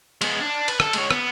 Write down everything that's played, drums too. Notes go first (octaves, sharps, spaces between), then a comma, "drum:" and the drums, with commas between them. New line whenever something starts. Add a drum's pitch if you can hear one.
G#3 B3, drum: cymbal
D4
B4, drum: cymbal
A4, drum: rim click
G#3 C#5, drum: cymbal
B3, drum: rim click